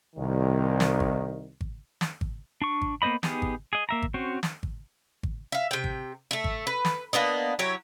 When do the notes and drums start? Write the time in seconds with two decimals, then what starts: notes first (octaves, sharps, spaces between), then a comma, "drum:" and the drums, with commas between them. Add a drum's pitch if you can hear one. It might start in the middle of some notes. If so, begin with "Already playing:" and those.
0.16 C2 D#3
0.80 drum: snare
1.00 drum: kick G#1
1.61 drum: kick G#1
2.01 drum: snare
2.21 drum: kick G#1
2.62 D4 C#6
2.82 drum: kick G#1
3.02 A#3 B3 C5 D#5 B5
3.23 B3 D#4 G4 G#4, drum: snare
3.42 drum: kick G#1
3.73 G#4 D#5
3.89 A#3 E5 A#5
4.02 drum: kick G#1
4.14 C4 C#4 F#4 C5
4.43 drum: snare
4.63 drum: kick G#1
5.23 drum: kick G#1
5.52 E5 F5
5.71 C3 G5
5.84 drum: kick G#1
6.31 A3 E5
6.44 drum: kick G#1
6.67 B4
6.85 drum: snare
7.13 A#3 B3 D4 D#5
7.59 F#3 E4 G4 C#5